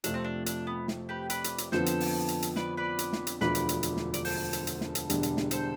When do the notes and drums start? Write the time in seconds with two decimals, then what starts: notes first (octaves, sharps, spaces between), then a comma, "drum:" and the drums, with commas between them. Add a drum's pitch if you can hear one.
0.04 F2 C3 F3 A3 D4, drum: hi-hat
0.14 C4
0.24 D4
0.46 D4, drum: hi-hat
0.67 B3
0.88 drum: snare
1.09 G4 B4
1.30 B4 D5, drum: hi-hat
1.44 drum: hi-hat
1.58 drum: hi-hat
1.72 F2 D3 F3 B3 A4 C5, drum: snare
1.86 drum: hi-hat
2.00 drum: open hi-hat
2.28 drum: hi-hat
2.42 drum: hi-hat
2.56 B4 D5, drum: snare
2.77 B4 D5
2.99 drum: hi-hat
3.13 drum: snare
3.27 drum: hi-hat
3.41 E1 D2 D3 F3 B4 D5, drum: snare
3.55 drum: hi-hat
3.69 drum: hi-hat
3.83 drum: hi-hat
3.97 drum: snare
4.14 D5, drum: hi-hat
4.25 A4 C5, drum: open hi-hat
4.53 drum: hi-hat
4.67 drum: hi-hat
4.81 drum: snare
4.95 drum: hi-hat
5.10 E1 E2 D3 G3 D4, drum: hi-hat
5.23 drum: hi-hat
5.37 drum: snare
5.51 A4 C5, drum: hi-hat